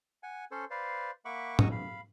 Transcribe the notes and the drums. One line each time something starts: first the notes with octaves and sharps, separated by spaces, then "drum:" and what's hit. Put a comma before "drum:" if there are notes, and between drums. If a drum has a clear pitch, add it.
F#5 G#5
C#4 A4 C5 C#5
B4 C5 D5 F5
A#3 E5 F#5 B5 C#6 D6
D#5 F#5 A#5 C#6 D#6 E6, drum: tom G#2
F5 B5